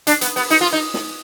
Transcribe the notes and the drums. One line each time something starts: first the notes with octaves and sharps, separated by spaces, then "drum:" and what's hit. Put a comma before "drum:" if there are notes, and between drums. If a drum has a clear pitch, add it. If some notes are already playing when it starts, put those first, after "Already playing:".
D4, drum: hi-hat
B3, drum: hi-hat
B3, drum: open hi-hat
D#4, drum: open hi-hat
F4
D#4
drum: snare